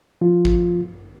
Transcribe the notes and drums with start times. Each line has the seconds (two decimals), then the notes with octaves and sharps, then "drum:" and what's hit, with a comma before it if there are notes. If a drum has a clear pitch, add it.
0.21 F3 F4
0.45 drum: kick A1